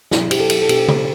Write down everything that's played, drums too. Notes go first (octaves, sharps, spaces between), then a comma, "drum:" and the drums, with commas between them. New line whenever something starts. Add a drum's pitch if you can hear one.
B2 B3 D4 E4, drum: snare
G4, drum: cymbal
A4
G4, drum: cymbal
A4
B2 B3 D4 G4, drum: cymbal
drum: tom C#3